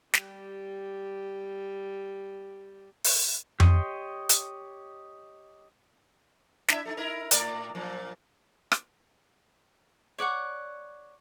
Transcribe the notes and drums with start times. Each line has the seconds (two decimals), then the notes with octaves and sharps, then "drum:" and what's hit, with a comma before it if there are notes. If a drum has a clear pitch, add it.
0.13 G3 G4, drum: snare
3.04 drum: open hi-hat
3.60 G4 C#5 D#5 C6, drum: tom F2
4.29 drum: hi-hat
6.68 D4 E4 E5, drum: snare
6.86 D#4 F#4 A4
6.97 D#4 E4 A#4
7.31 A2 A#4 D5, drum: hi-hat
7.75 F#2 A#2 F3
8.72 drum: rim click
10.18 C#5 D5 F#5 C#6